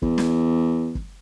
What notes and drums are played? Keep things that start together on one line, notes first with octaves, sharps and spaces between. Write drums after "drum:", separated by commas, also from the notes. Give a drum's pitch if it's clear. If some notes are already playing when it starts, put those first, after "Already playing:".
E2, drum: kick
drum: snare
drum: kick